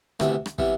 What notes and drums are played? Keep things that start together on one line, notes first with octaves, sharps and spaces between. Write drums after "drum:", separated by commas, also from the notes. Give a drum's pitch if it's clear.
D2 C3 E3 G3 B3, drum: rim click
drum: rim click
C3 E3 G3 B3, drum: kick